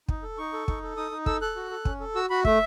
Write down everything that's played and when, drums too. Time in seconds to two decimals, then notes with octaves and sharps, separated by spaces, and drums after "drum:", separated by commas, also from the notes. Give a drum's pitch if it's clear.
0.08 D#4, drum: kick
0.23 A4
0.38 D#4 C#6
0.53 A4
0.68 D#4, drum: kick
0.83 A4
0.97 D#4 D#6
1.11 D#4
1.26 A4 E6, drum: kick
1.41 A4 F#6
1.56 F#4
1.71 A4
1.85 C#4, drum: kick
2.00 A4
2.15 F#4 E6
2.30 F#4 B5
2.45 A3 E5, drum: kick